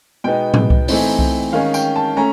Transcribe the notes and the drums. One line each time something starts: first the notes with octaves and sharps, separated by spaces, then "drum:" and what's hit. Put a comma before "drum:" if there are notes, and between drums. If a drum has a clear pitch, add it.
B2 G#3 B3 D#4 G5
drum: tom A2
drum: kick C2
E3 A3 C4 D#4, drum: open hi-hat
drum: kick C2
D#3 G#3 C#4 F5
G5, drum: tambourine
A5
A3 C#4 A#5